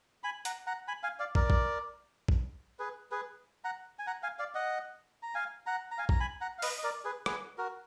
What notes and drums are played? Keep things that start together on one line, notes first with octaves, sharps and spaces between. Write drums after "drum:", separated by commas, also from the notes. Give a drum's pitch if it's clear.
G#5 B5
F#5 A#5, drum: hi-hat
F#5 A#5
G#5 B5
F5 G#5
D5 F5
A#4 D5, drum: kick
drum: kick
drum: kick
G#4 B4
G#4 B4
F#5 A#5
G#5
F#5 A#5
F5 G#5
D5 F5
D#5 F#5
A#5
F5 G#5
F#5 A#5
A#5
F5 G#5
A#5, drum: kick
G#5 B5
F#5 A#5
F5
B4 D#5, drum: open hi-hat
D#5
A#4 D5
G#4 B4
G#4 B4, drum: rim click
F#4 A#4